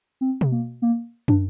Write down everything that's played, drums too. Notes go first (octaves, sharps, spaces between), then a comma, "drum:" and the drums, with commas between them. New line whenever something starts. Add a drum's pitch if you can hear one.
C4
drum: tom B2
A#3
A#3
D4, drum: tom